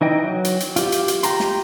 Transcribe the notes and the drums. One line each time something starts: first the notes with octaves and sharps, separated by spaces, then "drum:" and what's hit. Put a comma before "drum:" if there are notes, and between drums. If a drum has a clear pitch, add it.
E3 D#4 D#5 G5
F#3
drum: hi-hat
drum: hi-hat
F4 G4, drum: hi-hat
drum: hi-hat
drum: hi-hat
G4 A#5 C6, drum: hi-hat
drum: snare